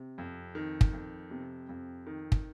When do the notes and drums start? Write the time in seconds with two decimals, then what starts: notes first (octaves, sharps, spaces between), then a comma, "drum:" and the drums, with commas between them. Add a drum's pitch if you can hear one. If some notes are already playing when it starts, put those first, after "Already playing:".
Already playing: C3
0.18 F2
0.55 D#3
0.81 drum: kick
0.93 F2
1.31 C3
1.69 F2
2.07 D#3
2.32 drum: kick